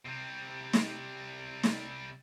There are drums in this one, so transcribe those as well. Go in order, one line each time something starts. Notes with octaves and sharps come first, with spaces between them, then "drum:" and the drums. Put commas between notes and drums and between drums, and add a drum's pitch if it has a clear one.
C3 G3
drum: snare
drum: snare